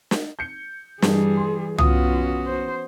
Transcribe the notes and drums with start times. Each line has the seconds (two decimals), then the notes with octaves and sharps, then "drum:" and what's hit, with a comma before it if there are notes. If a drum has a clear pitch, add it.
0.11 drum: snare
0.39 G6 C#7
1.02 G2 E3 G3 G#4, drum: snare
1.37 C6
1.78 B3 C#4 F4 F#4 D#6, drum: tom C2
2.46 C5